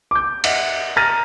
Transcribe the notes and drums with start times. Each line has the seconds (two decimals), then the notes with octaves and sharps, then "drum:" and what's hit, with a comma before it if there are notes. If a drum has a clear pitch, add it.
0.11 D6 G6
0.44 D#5 E5 F#5, drum: cymbal
0.96 A#5 F6 A6 A#6 D#7